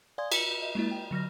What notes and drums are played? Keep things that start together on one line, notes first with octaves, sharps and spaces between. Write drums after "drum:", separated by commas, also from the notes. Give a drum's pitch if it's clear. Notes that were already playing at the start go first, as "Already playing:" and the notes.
D5 F5 G#5 C6 D#6 G#6
B6 C#7 F#7, drum: cymbal
D#5 E5
G#3 A#3 E4
G5
D3 F#3 F6 A#6